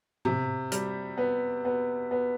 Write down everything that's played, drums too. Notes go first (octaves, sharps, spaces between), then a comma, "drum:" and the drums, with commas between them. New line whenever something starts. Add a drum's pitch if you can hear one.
C3, drum: tom G#2
G3, drum: hi-hat
B3
B3
B3